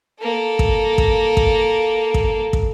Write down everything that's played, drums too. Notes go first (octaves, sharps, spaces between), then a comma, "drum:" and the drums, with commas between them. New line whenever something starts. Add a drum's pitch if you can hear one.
A#3 A4
drum: kick
drum: kick
drum: kick
drum: kick
drum: kick